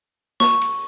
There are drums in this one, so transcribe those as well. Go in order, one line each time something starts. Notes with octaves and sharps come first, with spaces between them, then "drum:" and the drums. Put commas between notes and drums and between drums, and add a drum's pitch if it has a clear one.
C#6, drum: snare
drum: cymbal